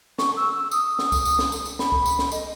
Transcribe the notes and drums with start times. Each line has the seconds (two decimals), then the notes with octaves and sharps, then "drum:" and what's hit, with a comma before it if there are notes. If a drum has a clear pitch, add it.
0.19 C#6, drum: snare
0.37 E6
0.55 E6
0.71 D#6, drum: tambourine
0.99 drum: snare
1.12 drum: kick C2, tambourine
1.25 drum: tambourine
1.39 drum: snare
1.52 drum: tambourine
1.65 drum: tambourine
1.79 B5, drum: snare
1.92 drum: kick C2
2.05 drum: tambourine
2.19 drum: snare
2.32 D#5, drum: tambourine